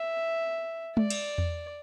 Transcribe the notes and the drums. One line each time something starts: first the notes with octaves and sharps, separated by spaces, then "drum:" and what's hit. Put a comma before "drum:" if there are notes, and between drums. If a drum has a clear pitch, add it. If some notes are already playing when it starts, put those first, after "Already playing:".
Already playing: E5
D5, drum: tom G#3
drum: cymbal
drum: tom E2